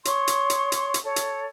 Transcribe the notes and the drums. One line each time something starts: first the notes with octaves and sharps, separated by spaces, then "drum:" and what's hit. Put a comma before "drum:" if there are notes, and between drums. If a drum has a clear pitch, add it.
C#5 C6 C#6 D#6, drum: hi-hat
drum: hi-hat
drum: hi-hat
drum: hi-hat
drum: hi-hat
A4 C#5
drum: hi-hat